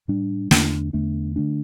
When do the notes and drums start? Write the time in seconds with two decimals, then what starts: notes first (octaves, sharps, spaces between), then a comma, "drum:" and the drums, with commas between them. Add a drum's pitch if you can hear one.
0.08 A2 G3 D4
0.51 E2 D3 A3 D4, drum: snare
0.93 E2 D3 A3 D4
1.36 D3 A3 D4